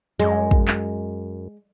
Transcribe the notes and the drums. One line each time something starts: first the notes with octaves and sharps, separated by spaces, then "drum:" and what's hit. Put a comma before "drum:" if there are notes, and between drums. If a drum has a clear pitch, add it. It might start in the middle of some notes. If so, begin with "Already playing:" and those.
F#2 G#3, drum: hi-hat
drum: kick
drum: clap